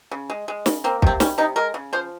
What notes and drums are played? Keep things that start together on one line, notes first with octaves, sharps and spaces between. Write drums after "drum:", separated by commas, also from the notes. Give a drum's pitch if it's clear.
C#3
G#3
G#3
C#3, drum: snare
A#3 C4
C3 C4, drum: kick
G3 C#4, drum: snare
C3 D#4
G#3 A#4
C#3
F3 C5